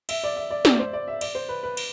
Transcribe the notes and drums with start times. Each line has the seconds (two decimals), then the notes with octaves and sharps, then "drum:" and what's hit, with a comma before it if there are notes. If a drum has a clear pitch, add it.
0.09 E5, drum: cymbal
0.24 D5
0.36 E5
0.50 D5
0.65 D5, drum: snare
0.79 C5
0.93 D5
1.08 E5
1.21 D5, drum: cymbal
1.35 C5
1.49 B4
1.63 B4
1.77 drum: cymbal